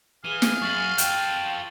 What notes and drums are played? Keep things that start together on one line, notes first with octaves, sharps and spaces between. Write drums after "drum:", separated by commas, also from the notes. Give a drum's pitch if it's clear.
E3 G#4 F5 D#7 G7
drum: snare
F#2 C#4 C#6 A6 F#7
F4 A4 G5 G6, drum: hi-hat